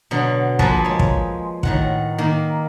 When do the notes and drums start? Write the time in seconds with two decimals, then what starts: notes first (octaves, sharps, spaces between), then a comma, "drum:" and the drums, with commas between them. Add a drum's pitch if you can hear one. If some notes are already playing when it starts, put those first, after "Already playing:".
0.11 B2 D3 F#3
0.59 F3 A#3 G#4 A4 B4, drum: kick
0.85 G#3 C#5
0.99 drum: kick
1.63 A2 D#3 F#5, drum: kick
2.18 D#3 A#3